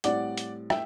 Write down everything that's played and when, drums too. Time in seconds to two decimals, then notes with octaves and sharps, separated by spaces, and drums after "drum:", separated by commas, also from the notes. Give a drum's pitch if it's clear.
0.04 A2 G3 C4 D5 F#5, drum: hi-hat
0.37 drum: hi-hat
0.70 E5 G5, drum: rim click